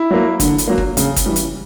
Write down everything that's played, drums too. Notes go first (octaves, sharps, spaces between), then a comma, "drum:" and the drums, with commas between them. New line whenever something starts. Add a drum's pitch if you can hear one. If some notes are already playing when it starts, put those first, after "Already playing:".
Already playing: E4
F#3 A#3
D3, drum: kick, hi-hat
drum: hi-hat
F#3 A#3
drum: kick
C#3, drum: hi-hat
drum: kick, hi-hat
E3 G3
drum: hi-hat